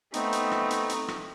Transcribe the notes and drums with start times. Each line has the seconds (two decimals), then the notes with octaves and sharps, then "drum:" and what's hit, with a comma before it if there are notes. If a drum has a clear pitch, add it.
0.14 A3 B3 C4 D#4, drum: hi-hat
0.33 drum: hi-hat
0.52 drum: rim click
0.70 drum: hi-hat
0.89 drum: hi-hat
1.08 drum: rim click